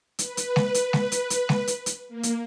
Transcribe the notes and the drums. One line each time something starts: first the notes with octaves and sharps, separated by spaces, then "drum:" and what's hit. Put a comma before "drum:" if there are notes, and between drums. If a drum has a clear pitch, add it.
B4, drum: hi-hat
drum: hi-hat
drum: snare G#3
drum: hi-hat
drum: snare G#3
drum: hi-hat
drum: hi-hat
drum: snare G#3
drum: hi-hat
drum: hi-hat
A#3
drum: hi-hat